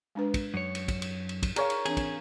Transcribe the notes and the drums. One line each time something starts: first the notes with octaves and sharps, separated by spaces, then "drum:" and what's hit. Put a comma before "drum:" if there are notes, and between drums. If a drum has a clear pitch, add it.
G#3 D4 B4
drum: kick, cymbal
F#2 C#5
drum: cymbal
drum: kick, cymbal
drum: cymbal
drum: cymbal
drum: kick, cymbal
G#4 A#4 C#5 D5 F5 G#5, drum: cymbal
drum: cymbal
E3 C4 D4 G#4, drum: cymbal
drum: kick, cymbal